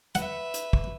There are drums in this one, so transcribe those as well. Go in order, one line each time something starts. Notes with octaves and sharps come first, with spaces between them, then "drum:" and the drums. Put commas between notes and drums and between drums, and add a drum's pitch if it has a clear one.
B4 E5 F#5, drum: hi-hat
drum: hi-hat
drum: kick